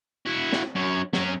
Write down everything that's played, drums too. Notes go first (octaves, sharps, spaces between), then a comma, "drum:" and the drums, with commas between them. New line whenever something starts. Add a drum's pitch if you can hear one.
E4 F#4
drum: snare
F#2 C#5
F#3 C#4, drum: snare